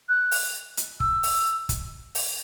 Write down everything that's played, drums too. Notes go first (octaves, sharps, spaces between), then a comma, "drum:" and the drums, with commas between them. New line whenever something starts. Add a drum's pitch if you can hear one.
F#6
drum: open hi-hat
drum: hi-hat
E6, drum: kick
drum: open hi-hat
drum: kick, hi-hat
drum: open hi-hat